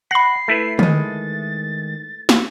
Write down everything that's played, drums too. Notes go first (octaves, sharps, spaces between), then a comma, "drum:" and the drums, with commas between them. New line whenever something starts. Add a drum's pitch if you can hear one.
F#5 B5 A#6 C7
A3 E4 B4
D#3 G#3 A6, drum: tom
drum: snare